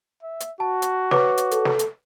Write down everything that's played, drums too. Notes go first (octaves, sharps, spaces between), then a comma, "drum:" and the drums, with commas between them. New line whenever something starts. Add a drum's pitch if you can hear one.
E5
drum: hi-hat
F#4 A5
drum: hi-hat
B4 C#5 D6, drum: snare
drum: hi-hat
A4, drum: hi-hat
drum: snare
drum: hi-hat